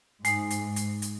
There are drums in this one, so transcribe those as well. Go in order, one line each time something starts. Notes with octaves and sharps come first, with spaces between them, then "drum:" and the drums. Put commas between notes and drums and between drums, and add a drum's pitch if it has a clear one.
G#2 G#3 D#4 C7, drum: hi-hat
drum: hi-hat
drum: hi-hat
drum: hi-hat